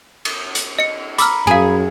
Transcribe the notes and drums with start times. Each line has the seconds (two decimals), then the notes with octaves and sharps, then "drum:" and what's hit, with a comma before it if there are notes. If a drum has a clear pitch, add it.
0.25 drum: cymbal
0.55 drum: hi-hat
0.79 D#5 C#7
1.18 A#5 B5 D6 E6 F6, drum: hi-hat
1.47 F#2 G#4 F5 G#5